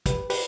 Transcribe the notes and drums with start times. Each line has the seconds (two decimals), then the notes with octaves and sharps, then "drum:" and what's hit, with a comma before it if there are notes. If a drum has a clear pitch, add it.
0.06 G4 B4, drum: kick, hi-hat
0.30 G4 B4, drum: open hi-hat